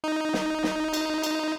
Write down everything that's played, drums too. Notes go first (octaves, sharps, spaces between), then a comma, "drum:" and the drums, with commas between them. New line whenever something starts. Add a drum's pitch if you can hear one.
D#4
drum: snare
drum: snare
drum: cymbal
drum: cymbal